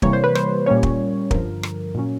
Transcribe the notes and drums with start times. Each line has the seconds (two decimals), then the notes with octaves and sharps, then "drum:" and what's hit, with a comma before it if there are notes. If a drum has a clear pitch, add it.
0.02 C3 E3 G3 A#3 C#5, drum: kick
0.13 C5
0.24 B4
0.35 C5, drum: rim click
0.66 A#2 G3 A#3 C#4 C#5
0.83 drum: kick
1.31 G2 D3 F3 A#4, drum: kick
1.63 drum: rim click
1.95 A#2 F#3 A#3 C#4